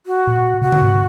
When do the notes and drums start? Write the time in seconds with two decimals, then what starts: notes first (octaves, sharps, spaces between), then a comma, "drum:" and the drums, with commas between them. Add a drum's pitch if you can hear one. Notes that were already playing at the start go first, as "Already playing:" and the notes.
0.06 F#4
0.27 A#2
0.62 C3 F#4
0.72 drum: tom D3
0.82 G#2